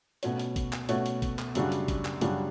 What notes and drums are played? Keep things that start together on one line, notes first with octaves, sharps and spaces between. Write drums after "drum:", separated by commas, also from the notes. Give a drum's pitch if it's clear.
B2 A3 C#4 F#4 C#5, drum: hi-hat
drum: hi-hat
drum: kick G1, hi-hat
drum: clap
B2 A3 C#4 F#4 C#5, drum: hi-hat
drum: hi-hat
drum: kick G1, hi-hat
drum: clap
F#2 C#3 G3 D4 F#4, drum: hi-hat
drum: hi-hat
drum: kick G1, hi-hat
drum: clap
F#2 C#3 G3 D4 F#4, drum: hi-hat